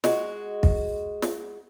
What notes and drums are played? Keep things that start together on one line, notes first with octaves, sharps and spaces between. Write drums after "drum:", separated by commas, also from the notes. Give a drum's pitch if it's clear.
G#3 F#4, drum: snare
drum: kick
drum: snare